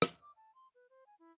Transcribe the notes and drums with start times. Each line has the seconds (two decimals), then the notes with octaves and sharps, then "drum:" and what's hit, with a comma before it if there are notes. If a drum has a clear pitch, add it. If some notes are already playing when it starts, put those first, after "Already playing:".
0.02 drum: rim click
0.22 D6
0.36 A5
0.55 C6
0.75 B4
0.90 C5
1.07 G#5
1.19 E4